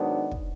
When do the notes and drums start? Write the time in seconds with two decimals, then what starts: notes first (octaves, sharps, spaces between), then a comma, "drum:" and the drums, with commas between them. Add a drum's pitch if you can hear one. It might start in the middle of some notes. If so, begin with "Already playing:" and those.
Already playing: G#2 D#3 F#3 B3 D4
0.31 drum: kick